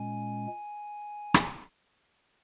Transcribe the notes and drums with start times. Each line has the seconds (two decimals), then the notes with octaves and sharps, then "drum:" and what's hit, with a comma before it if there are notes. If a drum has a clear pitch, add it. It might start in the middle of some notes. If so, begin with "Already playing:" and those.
Already playing: A#2 G#3 C#4 G#5
1.34 drum: rim click